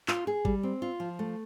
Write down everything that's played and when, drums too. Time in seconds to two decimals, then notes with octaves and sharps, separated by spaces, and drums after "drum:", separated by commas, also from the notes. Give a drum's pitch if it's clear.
0.08 F4, drum: clap
0.27 G#4
0.45 G3, drum: kick G#1
0.63 C4
0.82 F4
1.00 F3
1.19 A3